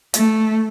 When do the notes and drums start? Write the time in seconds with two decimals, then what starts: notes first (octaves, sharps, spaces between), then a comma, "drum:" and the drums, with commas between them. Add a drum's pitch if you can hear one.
0.14 A3, drum: hi-hat